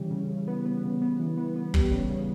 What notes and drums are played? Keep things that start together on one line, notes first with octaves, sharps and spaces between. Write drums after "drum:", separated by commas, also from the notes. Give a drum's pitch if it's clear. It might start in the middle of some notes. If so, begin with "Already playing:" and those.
Already playing: C#3 E3 G3
C#3
C#3
B3
B3
C#3
B3
E3
B3
B3
G3, drum: kick
C#3
C#3